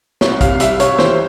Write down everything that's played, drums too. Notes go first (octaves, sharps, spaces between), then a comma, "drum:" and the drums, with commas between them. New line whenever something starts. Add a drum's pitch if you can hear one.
C2 C#5, drum: snare
C3 F5, drum: kick, hi-hat
G3 E5, drum: hi-hat
C3 C#5, drum: hi-hat
E3 C5, drum: snare